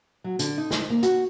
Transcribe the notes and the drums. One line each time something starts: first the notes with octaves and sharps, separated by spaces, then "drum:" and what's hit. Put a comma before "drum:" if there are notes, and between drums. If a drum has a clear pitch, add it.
F#3
D3, drum: hi-hat
D#4
drum: snare
A#3
F#4, drum: hi-hat